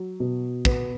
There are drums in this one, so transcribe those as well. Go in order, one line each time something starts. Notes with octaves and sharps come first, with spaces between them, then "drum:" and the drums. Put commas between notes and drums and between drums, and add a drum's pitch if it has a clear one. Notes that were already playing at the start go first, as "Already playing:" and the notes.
Already playing: F#3
B2
B3, drum: kick